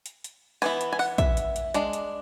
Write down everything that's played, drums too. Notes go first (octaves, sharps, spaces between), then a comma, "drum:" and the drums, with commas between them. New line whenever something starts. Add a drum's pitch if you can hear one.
drum: hi-hat
drum: hi-hat
E3 B3 E4 G#5, drum: open hi-hat
drum: hi-hat
G#5
F#5, drum: open hi-hat
E5, drum: kick, hi-hat
drum: hi-hat
drum: hi-hat
G#3 D4, drum: hi-hat
drum: hi-hat